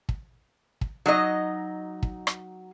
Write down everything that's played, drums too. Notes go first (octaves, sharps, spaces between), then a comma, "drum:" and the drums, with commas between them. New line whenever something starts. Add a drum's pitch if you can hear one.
drum: kick
drum: kick
F#3 D#4 D#5
drum: kick
drum: rim click